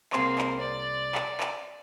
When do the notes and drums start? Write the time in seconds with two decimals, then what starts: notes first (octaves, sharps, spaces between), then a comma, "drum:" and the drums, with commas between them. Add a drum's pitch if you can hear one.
0.13 C2 A#3 C4 G#4 C6, drum: clap
0.38 drum: clap
0.60 D5
1.15 drum: clap
1.40 drum: clap